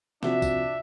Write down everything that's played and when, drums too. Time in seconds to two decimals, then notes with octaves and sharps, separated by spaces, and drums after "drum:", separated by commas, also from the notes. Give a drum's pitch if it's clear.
0.23 C3 F3 D4 F#4 E5, drum: snare
0.42 drum: kick, tambourine